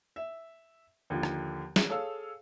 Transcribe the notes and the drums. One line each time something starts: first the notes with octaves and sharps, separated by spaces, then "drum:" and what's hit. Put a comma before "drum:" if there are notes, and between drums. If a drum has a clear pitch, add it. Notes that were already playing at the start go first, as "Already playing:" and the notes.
E5
D#2 D3 F3
drum: rim click
drum: snare
G#4 A4 C#5 F5 E6